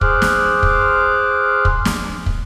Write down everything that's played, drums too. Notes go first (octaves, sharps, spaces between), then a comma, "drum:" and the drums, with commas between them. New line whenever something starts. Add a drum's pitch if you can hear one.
G#4 C5 D6 F6 F#6, drum: kick
drum: snare
drum: kick
drum: kick
drum: snare
drum: kick